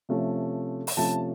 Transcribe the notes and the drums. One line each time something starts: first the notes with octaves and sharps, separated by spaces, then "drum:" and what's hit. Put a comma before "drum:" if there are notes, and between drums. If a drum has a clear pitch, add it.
C3 F3 A3 C#4
drum: open hi-hat
C3 F3 A3 C#4 A5